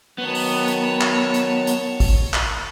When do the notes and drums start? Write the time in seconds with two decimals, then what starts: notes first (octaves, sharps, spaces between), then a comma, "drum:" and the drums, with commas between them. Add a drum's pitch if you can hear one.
0.18 D#3 F#3 B3 C#5 A5
0.35 drum: open hi-hat
0.68 drum: hi-hat
1.01 drum: clap
1.34 drum: hi-hat
1.67 drum: hi-hat
2.00 drum: kick G#1, open hi-hat
2.33 drum: clap